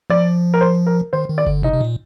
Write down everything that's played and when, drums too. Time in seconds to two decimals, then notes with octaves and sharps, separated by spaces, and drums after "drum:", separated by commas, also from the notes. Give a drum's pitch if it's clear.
0.10 F3 D5
0.54 A#4
0.61 C5
0.87 A#4
1.13 D#3 C5
1.30 D#3
1.38 D5
1.46 D3, drum: kick G1
1.63 C3 D#4
1.74 C3
1.81 A#2